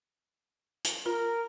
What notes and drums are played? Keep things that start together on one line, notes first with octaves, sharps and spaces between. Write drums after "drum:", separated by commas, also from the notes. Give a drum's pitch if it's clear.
drum: hi-hat
F4 A#4